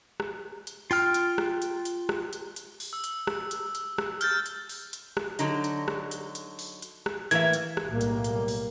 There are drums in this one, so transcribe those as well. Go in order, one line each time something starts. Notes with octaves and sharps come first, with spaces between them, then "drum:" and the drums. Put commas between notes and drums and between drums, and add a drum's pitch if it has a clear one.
drum: rim click
drum: hi-hat
F4 G5 F6, drum: open hi-hat
drum: hi-hat
drum: rim click
drum: hi-hat
drum: hi-hat
drum: rim click
drum: hi-hat
drum: hi-hat
drum: open hi-hat
E6
drum: hi-hat
drum: rim click
drum: hi-hat
drum: hi-hat
drum: rim click
F6 G6 A6, drum: hi-hat
drum: hi-hat
drum: open hi-hat
drum: hi-hat
drum: rim click
D3 F#3 D#4, drum: hi-hat
drum: hi-hat
drum: rim click
drum: hi-hat
drum: hi-hat
drum: open hi-hat
drum: hi-hat
drum: rim click
A2 E3 A#3 E5 G#6, drum: hi-hat
drum: hi-hat
drum: rim click
B1 A2 G3 A#3
drum: hi-hat
drum: hi-hat
drum: open hi-hat